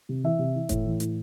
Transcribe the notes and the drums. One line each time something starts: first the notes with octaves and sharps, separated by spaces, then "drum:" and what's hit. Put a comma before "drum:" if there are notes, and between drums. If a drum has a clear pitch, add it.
C3
E3 E5
C3
E3
A2, drum: kick F#1, hi-hat
E3
A2, drum: hi-hat